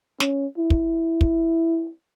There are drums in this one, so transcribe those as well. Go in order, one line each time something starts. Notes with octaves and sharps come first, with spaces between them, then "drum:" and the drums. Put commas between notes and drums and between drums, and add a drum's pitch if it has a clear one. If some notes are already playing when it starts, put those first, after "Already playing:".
C#4, drum: snare
E4
drum: kick
drum: kick